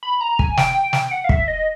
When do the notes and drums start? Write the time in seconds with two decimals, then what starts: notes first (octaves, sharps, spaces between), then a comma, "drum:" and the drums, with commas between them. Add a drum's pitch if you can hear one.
0.03 B5
0.21 A#5
0.39 G#5, drum: kick
0.57 G5, drum: snare
0.75 G5
0.93 G5, drum: snare
1.11 F#5
1.24 F5
1.29 E5, drum: kick
1.48 D#5